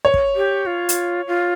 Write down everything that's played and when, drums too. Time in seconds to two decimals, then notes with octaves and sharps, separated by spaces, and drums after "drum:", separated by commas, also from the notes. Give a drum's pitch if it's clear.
0.05 C#5
0.14 drum: kick
0.36 G4
0.66 F4
0.89 drum: hi-hat
1.27 F4